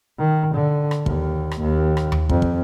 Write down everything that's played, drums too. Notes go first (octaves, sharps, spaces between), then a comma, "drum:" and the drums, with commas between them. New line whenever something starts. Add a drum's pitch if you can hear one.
D#3
D3
drum: rim click
D#2, drum: kick
drum: rim click
D#2
drum: rim click
drum: tom D#2
F2, drum: kick
drum: kick